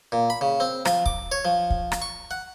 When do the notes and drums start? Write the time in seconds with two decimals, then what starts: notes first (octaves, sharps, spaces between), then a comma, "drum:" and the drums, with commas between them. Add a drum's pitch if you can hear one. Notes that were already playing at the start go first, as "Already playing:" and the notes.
0.12 A#2
0.30 B5
0.41 C#3
0.60 C4
0.85 F3, drum: rim click
1.06 D6, drum: kick
1.32 C#5
1.45 F3
1.70 drum: kick
1.92 drum: rim click
2.02 C#6
2.31 F#5